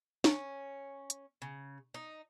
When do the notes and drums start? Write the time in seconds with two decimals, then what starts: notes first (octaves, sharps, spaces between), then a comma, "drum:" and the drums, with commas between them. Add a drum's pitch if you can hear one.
0.24 C#4, drum: snare
1.10 drum: hi-hat
1.42 C#3
1.94 D#4